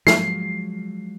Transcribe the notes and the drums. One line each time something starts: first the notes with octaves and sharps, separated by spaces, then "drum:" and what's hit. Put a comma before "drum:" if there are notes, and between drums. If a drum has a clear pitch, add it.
F3 F#3 G#3 C7, drum: snare